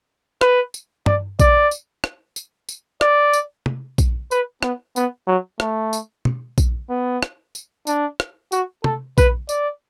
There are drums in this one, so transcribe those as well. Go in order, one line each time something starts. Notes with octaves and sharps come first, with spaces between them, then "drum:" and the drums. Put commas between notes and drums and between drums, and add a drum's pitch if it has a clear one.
B4, drum: rim click
drum: tambourine
D5, drum: tom G2
D5, drum: kick A#1, tambourine
drum: tambourine
drum: rim click
drum: tambourine
drum: tambourine
D5, drum: rim click
drum: tambourine
drum: tom
drum: kick A#1, tambourine
B4, drum: tambourine
B3, drum: rim click
B3, drum: tambourine
F#3
A3, drum: rim click
drum: tambourine
drum: tom
drum: kick A#1, tambourine
B3
drum: rim click
drum: tambourine
D4, drum: tambourine
drum: rim click
F#4, drum: tambourine
A4, drum: tom
B4, drum: kick A#1, tambourine
D5, drum: tambourine